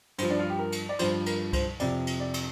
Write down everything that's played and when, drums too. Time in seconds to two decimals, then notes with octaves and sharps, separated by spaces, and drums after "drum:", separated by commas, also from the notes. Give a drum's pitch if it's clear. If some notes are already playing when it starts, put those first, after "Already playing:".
0.18 G2 F3 C5, drum: cymbal
0.30 D4
0.39 F4
0.49 G4
0.59 A#4
0.72 drum: cymbal
0.89 D5
0.99 G2 F3 C5, drum: cymbal
1.26 A#4, drum: cymbal
1.53 C5, drum: kick C2, cymbal
1.80 F2 C3 F3 D5, drum: cymbal
2.07 drum: cymbal
2.20 D5
2.34 drum: cymbal